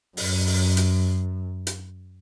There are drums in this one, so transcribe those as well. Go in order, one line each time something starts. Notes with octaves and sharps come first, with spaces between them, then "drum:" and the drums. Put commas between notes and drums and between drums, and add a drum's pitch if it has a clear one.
F#2, drum: open hi-hat
drum: open hi-hat
drum: hi-hat
drum: hi-hat